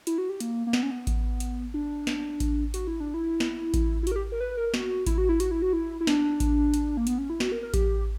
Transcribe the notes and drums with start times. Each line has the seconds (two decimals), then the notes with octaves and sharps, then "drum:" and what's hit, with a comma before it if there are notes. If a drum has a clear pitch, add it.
0.07 E4, drum: hi-hat
0.18 F#4
0.30 G4
0.40 A#3, drum: hi-hat
0.67 A#3
0.73 B3, drum: snare
0.83 C#4
0.91 B3
1.07 drum: kick A1, hi-hat
1.40 drum: hi-hat
1.74 D4
2.07 drum: snare
2.40 drum: kick A1, hi-hat
2.74 F#4, drum: hi-hat
2.87 E4
3.00 D4
3.14 E4
3.40 drum: snare
3.74 drum: kick A1, hi-hat
4.03 E4
4.07 F#4, drum: hi-hat
4.12 A#4
4.16 G4
4.32 A#4
4.40 B4
4.57 A#4
4.74 F#4, drum: snare
5.07 E4, drum: kick A1, hi-hat
5.18 F#4
5.29 E4
5.40 F#4, drum: hi-hat
5.51 E4
5.62 F#4
5.73 E4
6.01 E4
6.07 D4, drum: snare
6.40 drum: kick A1, hi-hat
6.74 drum: hi-hat
6.97 A#3
7.07 B3, drum: hi-hat
7.18 C#4
7.30 E4
7.40 F#4, drum: snare
7.52 A#4
7.63 A#4
7.74 G4, drum: kick A1, hi-hat